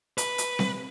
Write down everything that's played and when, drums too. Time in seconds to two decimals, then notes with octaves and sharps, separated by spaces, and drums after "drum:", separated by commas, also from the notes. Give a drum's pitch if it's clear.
0.18 B4, drum: hi-hat
0.38 drum: hi-hat
0.59 drum: snare C4